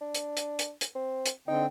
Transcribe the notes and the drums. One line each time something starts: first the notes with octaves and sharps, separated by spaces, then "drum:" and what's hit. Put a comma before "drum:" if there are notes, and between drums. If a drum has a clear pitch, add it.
D4
drum: hi-hat
drum: hi-hat
drum: hi-hat
drum: hi-hat
C4
drum: hi-hat
D3 C4 D#4 G5